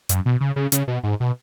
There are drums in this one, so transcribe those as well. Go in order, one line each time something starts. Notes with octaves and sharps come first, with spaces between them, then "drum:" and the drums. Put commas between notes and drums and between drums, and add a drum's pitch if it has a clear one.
F#2, drum: hi-hat
B2
C#3
C#3
C#3, drum: hi-hat
B2
G#2
B2